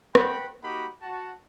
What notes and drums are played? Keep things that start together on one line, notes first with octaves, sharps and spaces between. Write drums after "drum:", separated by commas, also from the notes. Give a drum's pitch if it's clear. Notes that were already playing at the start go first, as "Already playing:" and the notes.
F#5 G5 B5, drum: rim click
A#3 D#4 F#4 G4 F#5 B5
F#4 A5